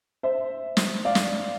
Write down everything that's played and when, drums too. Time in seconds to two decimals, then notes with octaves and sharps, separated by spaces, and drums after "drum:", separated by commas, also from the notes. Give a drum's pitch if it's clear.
0.23 C5 E5
0.77 drum: snare
1.05 D5 F5
1.15 drum: snare